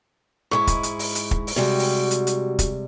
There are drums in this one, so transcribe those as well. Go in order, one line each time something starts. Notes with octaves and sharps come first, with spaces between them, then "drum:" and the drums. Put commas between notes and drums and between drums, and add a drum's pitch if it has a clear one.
G#2 G#3 E4 C#6
drum: kick, hi-hat
drum: hi-hat
drum: open hi-hat
drum: hi-hat
drum: kick
drum: open hi-hat
C3 G3 G#3 F#4
drum: open hi-hat
drum: hi-hat
drum: hi-hat
drum: kick, hi-hat